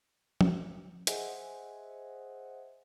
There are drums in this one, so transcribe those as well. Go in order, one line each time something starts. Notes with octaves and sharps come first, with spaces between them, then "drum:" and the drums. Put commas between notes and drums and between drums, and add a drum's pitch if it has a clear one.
drum: tom F3
G#4 C5 D#5 E5 F#5 G#5, drum: hi-hat